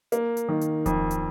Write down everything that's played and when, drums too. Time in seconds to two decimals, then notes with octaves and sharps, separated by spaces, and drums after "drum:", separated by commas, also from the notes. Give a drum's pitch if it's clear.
0.12 A#3, drum: hi-hat
0.37 drum: hi-hat
0.49 D#3
0.61 drum: hi-hat
0.86 F2, drum: kick D1, hi-hat
1.11 drum: hi-hat